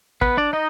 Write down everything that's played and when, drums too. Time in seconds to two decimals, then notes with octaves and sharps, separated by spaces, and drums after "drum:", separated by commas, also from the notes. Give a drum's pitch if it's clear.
0.21 B3 B4, drum: kick
0.37 D4 D5
0.53 D#4 D#5